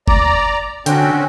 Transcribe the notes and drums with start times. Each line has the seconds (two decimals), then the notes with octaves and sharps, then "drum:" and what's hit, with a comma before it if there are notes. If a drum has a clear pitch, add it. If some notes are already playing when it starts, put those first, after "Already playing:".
0.08 D5 A#5, drum: kick F#1
0.86 D3 C4 C#4 F#4 G5, drum: hi-hat